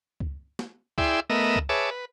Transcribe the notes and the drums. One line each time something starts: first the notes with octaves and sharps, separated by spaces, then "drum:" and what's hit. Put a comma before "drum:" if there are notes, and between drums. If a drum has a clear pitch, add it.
drum: kick C#2
drum: snare
E4 G#4 D5 E5 G5 C6, drum: kick C#2
A3 B3 A#4 D#5 E5
drum: kick C#2
G#4 B4 C#5 E5 A5 D6
B4